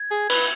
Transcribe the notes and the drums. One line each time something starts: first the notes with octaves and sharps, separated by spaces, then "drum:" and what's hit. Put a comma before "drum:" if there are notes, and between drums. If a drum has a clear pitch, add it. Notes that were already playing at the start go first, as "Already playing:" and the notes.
Already playing: G#6
G#4
B4, drum: cymbal